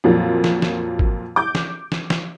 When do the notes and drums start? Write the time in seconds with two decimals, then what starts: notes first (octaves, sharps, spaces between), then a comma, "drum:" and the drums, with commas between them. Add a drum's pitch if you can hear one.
0.04 F2 A#2 F#3
0.44 drum: snare
0.62 drum: snare
0.99 drum: kick
1.36 D6 G6
1.55 drum: snare
1.92 drum: snare
2.10 drum: snare